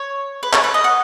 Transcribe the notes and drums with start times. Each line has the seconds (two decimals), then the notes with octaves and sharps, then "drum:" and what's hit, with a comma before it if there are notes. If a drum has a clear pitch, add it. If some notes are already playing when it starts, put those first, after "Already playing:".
Already playing: C#5
0.43 B4
0.53 C#5, drum: clap
0.64 B4
0.74 D#5
0.84 F#5